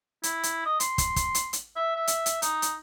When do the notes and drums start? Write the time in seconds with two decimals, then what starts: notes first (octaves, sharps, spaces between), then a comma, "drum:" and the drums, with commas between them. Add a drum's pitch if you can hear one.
0.23 E4, drum: hi-hat
0.43 drum: hi-hat
0.66 D#5
0.80 C6, drum: hi-hat
0.98 drum: kick, hi-hat
1.16 drum: kick, hi-hat
1.35 drum: hi-hat
1.53 drum: hi-hat
1.76 E5
1.96 E5
2.07 drum: hi-hat
2.26 drum: hi-hat
2.42 D#4, drum: hi-hat
2.62 drum: hi-hat